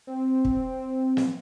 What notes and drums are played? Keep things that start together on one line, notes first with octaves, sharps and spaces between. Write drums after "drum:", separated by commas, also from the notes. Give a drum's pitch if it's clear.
C4
drum: kick
drum: snare